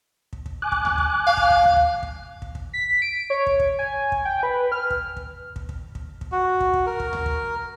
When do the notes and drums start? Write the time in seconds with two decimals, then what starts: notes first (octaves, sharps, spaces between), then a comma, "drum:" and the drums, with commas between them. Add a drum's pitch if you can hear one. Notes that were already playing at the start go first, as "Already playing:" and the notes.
0.33 drum: kick
0.46 drum: kick
0.62 G#5 D6 F#6
0.72 drum: kick
0.85 drum: tom D2
0.98 drum: kick
1.27 F5
1.37 drum: kick
1.50 drum: kick
1.63 drum: tom D2
1.77 drum: kick
2.03 drum: kick
2.42 drum: kick
2.55 drum: kick
2.73 B6
3.02 D7
3.30 C#5
3.47 drum: kick
3.60 drum: kick
3.79 G#5
4.12 drum: kick
4.25 G5
4.43 B4
4.72 F6
4.90 drum: kick
5.17 drum: kick
5.56 drum: kick
5.69 drum: kick
5.95 drum: kick
6.21 drum: kick
6.32 F#4
6.60 drum: kick
6.74 drum: kick
6.86 A#4
7.00 drum: kick
7.13 drum: tom D2
7.26 drum: kick